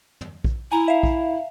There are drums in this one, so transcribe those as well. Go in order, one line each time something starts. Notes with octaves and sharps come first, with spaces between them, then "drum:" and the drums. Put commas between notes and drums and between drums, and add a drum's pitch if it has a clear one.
drum: tom
drum: kick A#1
E4 G#5 A#5
E5 F5
drum: kick A#1